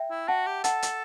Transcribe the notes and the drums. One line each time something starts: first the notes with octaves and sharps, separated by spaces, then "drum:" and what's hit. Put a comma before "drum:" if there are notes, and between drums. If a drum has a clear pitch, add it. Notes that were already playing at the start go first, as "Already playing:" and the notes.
Already playing: E5 G5
E4
F#4 F#5 A5
G4
A4 F#5 A5, drum: hi-hat
drum: hi-hat